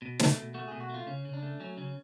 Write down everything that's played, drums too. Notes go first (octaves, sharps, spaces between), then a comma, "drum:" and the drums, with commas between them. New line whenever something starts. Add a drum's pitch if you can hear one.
B2
A3, drum: snare
B2
A3 F#4
B2 G#4
F#4
A3 F4
C#3 C#4
C#3
D4
A3
F#3 C#4
C#3 C#4